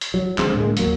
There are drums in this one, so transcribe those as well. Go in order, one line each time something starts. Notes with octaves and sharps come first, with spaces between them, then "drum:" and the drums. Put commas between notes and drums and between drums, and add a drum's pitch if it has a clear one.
drum: hi-hat
F#3
F2 D3 G#3 C4, drum: clap
A2 D3 G#3 A#3
D#2 F#3 A#3, drum: hi-hat